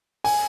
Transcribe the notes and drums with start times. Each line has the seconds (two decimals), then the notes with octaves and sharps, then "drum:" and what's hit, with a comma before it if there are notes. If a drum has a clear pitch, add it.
0.24 G#5, drum: open hi-hat